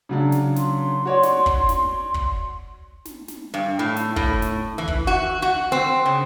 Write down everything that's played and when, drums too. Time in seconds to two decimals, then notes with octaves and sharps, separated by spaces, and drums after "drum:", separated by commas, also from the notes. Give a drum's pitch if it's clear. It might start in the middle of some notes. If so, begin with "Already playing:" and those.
0.09 C#3 F#3 D4
0.32 drum: snare
0.56 C6, drum: snare
1.05 F#4 C#5 D5
1.23 drum: snare
1.46 drum: kick
1.69 drum: snare
2.14 drum: kick
3.05 drum: snare
3.28 drum: snare
3.54 G2
3.79 A2
3.96 drum: snare
4.16 A2, drum: kick
4.42 drum: snare
4.78 E3
4.88 drum: kick
5.07 F#4
5.42 F#4
5.72 C4
6.06 C#3